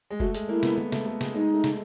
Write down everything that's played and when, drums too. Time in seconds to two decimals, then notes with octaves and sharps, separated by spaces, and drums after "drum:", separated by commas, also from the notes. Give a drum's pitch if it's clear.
0.10 G#3
0.20 A3 F#4, drum: kick F1
0.35 G#3, drum: hi-hat
0.49 A#3 E4
0.63 B3, drum: snare
0.78 A#3, drum: tom
0.92 A3, drum: snare
1.07 A3
1.21 G#3, drum: snare
1.35 G#3 D#4
1.54 A3
1.64 drum: snare